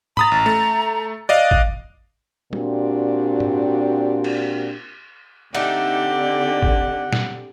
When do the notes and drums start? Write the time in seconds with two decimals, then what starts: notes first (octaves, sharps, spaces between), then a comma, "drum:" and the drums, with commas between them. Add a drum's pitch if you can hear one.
0.17 A#5 B5 D#6 A6, drum: tom G#2
0.31 A1
0.46 A3
1.29 D5 D#5 F5 F#6
1.51 drum: kick G#1
2.53 A#2 C4 D4 F#4 G4, drum: tom
3.40 drum: tom G#2
4.24 drum: cymbal
5.55 D3 A3 C4 D4 D#4 G4 F#5, drum: cymbal
6.63 drum: kick G#1
7.13 drum: snare